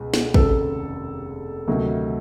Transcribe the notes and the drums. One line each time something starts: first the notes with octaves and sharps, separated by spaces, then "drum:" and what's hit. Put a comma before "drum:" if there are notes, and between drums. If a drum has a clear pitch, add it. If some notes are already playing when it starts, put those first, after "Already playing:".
Already playing: C#2 B2 G#3
drum: snare
F1 D#2 C#3 A4, drum: kick
D2 C3 D#3 F#3 A3